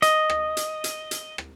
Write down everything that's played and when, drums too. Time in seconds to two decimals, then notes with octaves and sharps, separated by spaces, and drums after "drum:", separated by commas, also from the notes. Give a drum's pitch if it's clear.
0.02 D#5, drum: hi-hat
0.30 drum: rim click
0.57 drum: hi-hat
0.84 drum: hi-hat
1.11 drum: hi-hat
1.38 drum: rim click